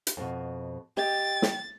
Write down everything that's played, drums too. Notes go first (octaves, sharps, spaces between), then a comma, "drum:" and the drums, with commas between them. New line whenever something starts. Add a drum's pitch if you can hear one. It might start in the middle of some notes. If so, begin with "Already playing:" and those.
drum: hi-hat
F2 B2
G4 D#5 G5 A6
drum: snare